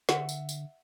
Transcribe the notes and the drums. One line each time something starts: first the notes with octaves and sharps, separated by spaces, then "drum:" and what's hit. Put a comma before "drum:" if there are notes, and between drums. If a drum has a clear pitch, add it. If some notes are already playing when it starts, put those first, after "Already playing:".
D3 E5 F#5, drum: snare
drum: tambourine
drum: tambourine